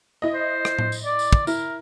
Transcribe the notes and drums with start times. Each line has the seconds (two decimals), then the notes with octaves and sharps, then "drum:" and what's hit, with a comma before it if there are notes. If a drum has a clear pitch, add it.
0.22 E4 D#5
0.34 C5
0.65 drum: rim click
0.79 drum: tom A2
0.92 drum: tambourine
1.06 D5
1.19 drum: tambourine
1.33 drum: kick
1.47 E4 A#4, drum: tambourine